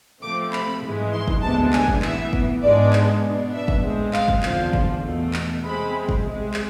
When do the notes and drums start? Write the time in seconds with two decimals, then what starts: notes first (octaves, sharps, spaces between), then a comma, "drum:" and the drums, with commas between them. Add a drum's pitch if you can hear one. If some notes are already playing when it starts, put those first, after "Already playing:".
0.22 C3 F3 A3 C4 D6
0.53 B5, drum: clap
0.83 G#2 E3 G#3
1.13 C6
1.28 drum: kick
1.42 D2 C3 G#3 B3 D4 A5
1.73 G#5, drum: clap
1.88 drum: kick
2.02 A2 E3 B3 E5, drum: clap
2.33 drum: kick
2.63 G#2 G#3 B3 D4 D5
2.93 drum: clap
3.23 B2 B3 D4
3.53 E5
3.68 drum: kick
3.83 A2 G#3 C4
4.13 F5, drum: clap
4.28 drum: kick
4.43 E2 D3 F3 F5, drum: clap
4.73 drum: kick
5.04 E2 B2 A3
5.33 drum: clap
5.63 C3 G#3 C4 B5
6.09 drum: kick
6.24 C2 C3 G#3
6.54 drum: clap